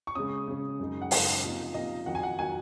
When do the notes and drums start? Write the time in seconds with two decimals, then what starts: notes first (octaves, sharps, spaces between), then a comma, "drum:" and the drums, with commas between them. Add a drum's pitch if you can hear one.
0.07 C#6
0.15 C#3 G#3 C#4 D#6
0.48 C#3 G#3 C#4
0.80 F#2 C#3 G#3 D#4
1.02 F#5
1.11 F#2 C#3 G#3 D#4 F5, drum: open hi-hat
1.44 C3 F3 A#3 D#4
1.74 C3 F3 A#3 D#4 D#5
2.06 F2 D#3 F#3 F#5
2.15 G#5
2.23 F#5
2.39 D#3 F#3 G#5